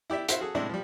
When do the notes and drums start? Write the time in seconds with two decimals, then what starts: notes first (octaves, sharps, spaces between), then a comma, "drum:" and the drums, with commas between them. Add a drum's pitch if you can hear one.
0.10 E4 G4 D5 E5
0.29 E4 F#4 C5 E5 F5, drum: hi-hat
0.40 F#4 G#4 A4
0.55 A2 C3 G#3 D4 E4
0.69 F3 G3